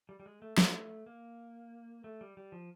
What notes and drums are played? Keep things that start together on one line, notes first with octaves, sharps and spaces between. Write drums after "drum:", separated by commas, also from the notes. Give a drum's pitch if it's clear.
G3
G3
G#3
A3
A3, drum: snare
A#3
A3
G3
G3
F3